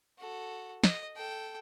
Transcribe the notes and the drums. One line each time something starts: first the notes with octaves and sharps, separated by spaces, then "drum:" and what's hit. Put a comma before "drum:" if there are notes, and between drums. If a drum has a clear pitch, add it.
F#4 A4
D#5, drum: snare
A4 G5